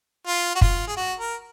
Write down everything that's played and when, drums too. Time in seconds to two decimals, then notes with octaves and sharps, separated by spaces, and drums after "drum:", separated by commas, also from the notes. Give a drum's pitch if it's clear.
0.27 F4
0.55 F#4
0.61 F4, drum: kick
0.87 G#4
0.97 F#4
1.19 A#4